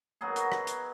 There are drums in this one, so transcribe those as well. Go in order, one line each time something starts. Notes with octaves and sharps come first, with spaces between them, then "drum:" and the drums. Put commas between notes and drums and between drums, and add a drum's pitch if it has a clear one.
B2 F#3 A#3 G#4
F#4, drum: hi-hat
drum: rim click
drum: hi-hat